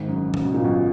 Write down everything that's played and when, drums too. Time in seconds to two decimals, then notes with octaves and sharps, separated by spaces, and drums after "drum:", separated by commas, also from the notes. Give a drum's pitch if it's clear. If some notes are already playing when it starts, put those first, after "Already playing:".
Already playing: G#1 G#2
0.08 F#2
0.34 C#3, drum: tom D#3
0.44 B2
0.54 A#2
0.64 B1 B2